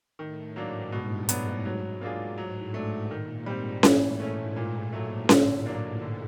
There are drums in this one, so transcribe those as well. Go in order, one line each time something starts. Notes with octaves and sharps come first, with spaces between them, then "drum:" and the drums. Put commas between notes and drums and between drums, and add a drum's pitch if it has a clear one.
A2 D#3
G#2 F#3 A#3 D4
G2 B2
F#3 B3 D4, drum: hi-hat
G#2 F#3
A#3 D4 F4 G#4
A2 F#3
A3 D4
A#2 D#3
G#2 G3 C4
A2 E3, drum: snare C#4
G#2 A3 C#4
A#2
F#3 A3
D3, drum: snare C#4
F#3 A#3 D4
D3